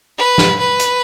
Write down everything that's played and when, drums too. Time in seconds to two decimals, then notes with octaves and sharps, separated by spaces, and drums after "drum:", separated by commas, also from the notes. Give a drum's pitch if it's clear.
0.18 B4
0.38 drum: snare
0.59 B4
0.79 drum: hi-hat